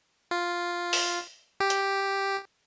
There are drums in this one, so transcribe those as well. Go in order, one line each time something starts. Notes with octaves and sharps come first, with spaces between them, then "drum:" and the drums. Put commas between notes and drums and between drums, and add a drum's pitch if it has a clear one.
F4
drum: open hi-hat
G4
drum: hi-hat